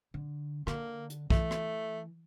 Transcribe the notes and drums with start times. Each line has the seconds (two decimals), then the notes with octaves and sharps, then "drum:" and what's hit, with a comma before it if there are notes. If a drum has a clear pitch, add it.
0.14 D3
0.67 D3 A#3, drum: rim click
1.10 drum: hi-hat
1.30 E3 A3, drum: kick
1.51 drum: rim click